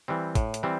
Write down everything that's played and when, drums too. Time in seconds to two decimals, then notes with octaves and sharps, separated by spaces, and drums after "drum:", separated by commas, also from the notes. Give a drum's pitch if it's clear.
0.08 E3 G3 C4
0.35 A2, drum: kick, hi-hat
0.54 drum: hi-hat
0.63 E3 G3 C4